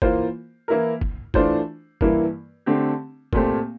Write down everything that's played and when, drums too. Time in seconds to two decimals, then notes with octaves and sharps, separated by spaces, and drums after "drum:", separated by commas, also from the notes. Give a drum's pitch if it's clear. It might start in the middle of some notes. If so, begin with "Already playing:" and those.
0.02 E3 A#3 F4 C5, drum: kick
0.68 E3 A#3 E4 A#4
1.01 drum: kick
1.34 E3 A3 D4 F4 C5, drum: kick
2.01 G2 E3 A#3 E4, drum: kick
2.66 D3 A3 C4 G4
3.33 A#2 A3 C4 G4 C5, drum: kick